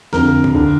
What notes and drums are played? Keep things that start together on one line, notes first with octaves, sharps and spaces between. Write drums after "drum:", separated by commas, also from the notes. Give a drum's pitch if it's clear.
F2 D3 A#4, drum: snare
drum: kick
D3